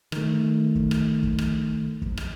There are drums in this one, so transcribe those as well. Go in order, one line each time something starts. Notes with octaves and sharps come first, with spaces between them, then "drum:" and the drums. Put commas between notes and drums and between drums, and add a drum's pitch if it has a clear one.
D#3 A3, drum: rim click
drum: kick
drum: rim click
drum: kick
drum: rim click
drum: kick
drum: rim click